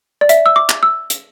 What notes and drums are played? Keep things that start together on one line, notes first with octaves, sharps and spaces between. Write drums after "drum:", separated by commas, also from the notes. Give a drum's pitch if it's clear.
D5
E5, drum: hi-hat
E6
D6
drum: clap
E6
drum: hi-hat